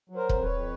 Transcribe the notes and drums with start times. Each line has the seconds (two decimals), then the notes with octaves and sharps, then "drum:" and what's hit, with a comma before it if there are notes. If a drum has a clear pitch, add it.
0.10 F#3
0.16 A#4 C5
0.29 F2, drum: kick
0.42 B4 C#5
0.49 F2